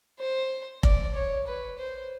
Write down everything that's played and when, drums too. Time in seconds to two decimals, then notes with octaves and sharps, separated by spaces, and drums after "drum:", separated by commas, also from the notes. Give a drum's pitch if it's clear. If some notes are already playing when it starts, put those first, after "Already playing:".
0.19 C5
0.83 D5, drum: kick F1
1.15 C#5
1.47 B4
1.78 C5